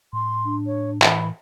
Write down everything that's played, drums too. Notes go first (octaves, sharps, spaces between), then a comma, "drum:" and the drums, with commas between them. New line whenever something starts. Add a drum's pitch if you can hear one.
A2 C6
D4
C#5
E3 B5, drum: clap